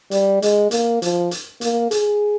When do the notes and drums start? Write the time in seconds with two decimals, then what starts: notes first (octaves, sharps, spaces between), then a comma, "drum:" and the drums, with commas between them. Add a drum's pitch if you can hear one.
0.11 G3, drum: hi-hat
0.42 G#3, drum: hi-hat
0.71 A#3, drum: hi-hat
1.02 F3, drum: hi-hat
1.31 drum: hi-hat
1.61 A#3, drum: hi-hat
1.91 G#4, drum: hi-hat